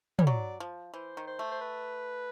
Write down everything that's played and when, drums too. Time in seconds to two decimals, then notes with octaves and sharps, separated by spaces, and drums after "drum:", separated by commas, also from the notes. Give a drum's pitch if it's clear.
0.19 G3 C#5, drum: tom
0.26 F#3 D5
0.60 F3
0.94 E3 C5
1.17 D#3
1.27 C5
1.39 A3
1.52 C5
1.61 B4